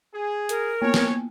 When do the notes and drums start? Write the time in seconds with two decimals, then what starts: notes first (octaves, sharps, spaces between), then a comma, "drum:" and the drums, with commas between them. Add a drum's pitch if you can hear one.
0.13 G#4
0.49 A#4, drum: hi-hat
0.82 A#3 B3 C#5
0.94 drum: snare